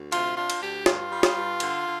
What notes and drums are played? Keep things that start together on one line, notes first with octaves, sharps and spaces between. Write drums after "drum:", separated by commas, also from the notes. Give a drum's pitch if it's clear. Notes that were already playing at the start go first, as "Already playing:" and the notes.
Already playing: D2
C3 F4, drum: cymbal
D4 F4
drum: cymbal
D2 G4
G2 F4, drum: snare
G3
drum: snare
G2
D3, drum: cymbal
D3